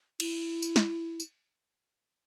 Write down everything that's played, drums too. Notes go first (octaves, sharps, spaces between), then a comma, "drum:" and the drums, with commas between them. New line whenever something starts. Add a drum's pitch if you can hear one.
E4, drum: cymbal
drum: tambourine
drum: snare
drum: tambourine